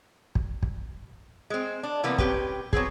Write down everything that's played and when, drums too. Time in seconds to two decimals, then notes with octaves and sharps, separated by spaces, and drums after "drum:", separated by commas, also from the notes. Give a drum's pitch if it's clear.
0.35 drum: kick
0.63 drum: kick
1.50 G#3 C4
1.83 D4
2.03 C3 E3 G3 A#3 B3
2.18 C4 C#4 G4 B4 G5, drum: kick
2.73 F#3 B3 C4 G#4, drum: kick